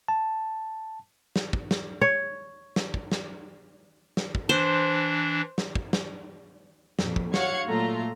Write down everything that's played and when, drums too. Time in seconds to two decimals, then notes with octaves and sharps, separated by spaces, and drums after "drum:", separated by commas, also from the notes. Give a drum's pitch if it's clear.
0.08 A5
1.36 drum: snare
1.53 drum: kick
1.71 drum: snare
2.01 C#5
2.76 drum: snare
2.94 drum: kick
3.12 drum: snare
4.17 drum: snare
4.35 drum: kick
4.49 E3 D4 C5
5.58 drum: snare
5.75 drum: kick
5.93 drum: snare
6.99 F2 A#2, drum: snare
7.16 drum: kick
7.34 F#4 C#5 F5 F#5 G#6 C#7, drum: snare
7.68 A#2 F#3 A3 F4 A#5